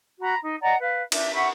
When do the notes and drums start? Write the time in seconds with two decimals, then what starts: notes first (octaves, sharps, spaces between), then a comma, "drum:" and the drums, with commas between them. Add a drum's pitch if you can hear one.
0.21 F#4 A#5 B5
0.42 D#4
0.60 D5 D#5 F#5 A#5
0.79 B4 F5
1.12 D4 E5, drum: cymbal
1.33 E5 F#5 B5 C#6